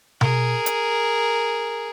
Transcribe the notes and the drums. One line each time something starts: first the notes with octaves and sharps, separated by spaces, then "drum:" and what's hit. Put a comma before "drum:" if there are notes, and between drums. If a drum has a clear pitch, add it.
G#4 A#4, drum: tom B2
drum: hi-hat